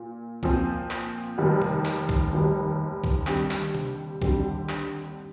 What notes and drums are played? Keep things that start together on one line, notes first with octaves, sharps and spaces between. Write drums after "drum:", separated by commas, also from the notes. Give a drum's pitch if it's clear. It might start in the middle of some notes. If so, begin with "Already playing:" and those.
Already playing: A#2
A#2 F3 C4, drum: kick B1
drum: clap
F1 D#2 D#3 G3
drum: tom C3
drum: clap
drum: kick B1
F1 D#2 D#3 G3
drum: kick B1
D#2 D3 G3 C4 G4, drum: clap
drum: clap
drum: tom C3
D#2 D3 G3 C4 G4, drum: kick B1
drum: clap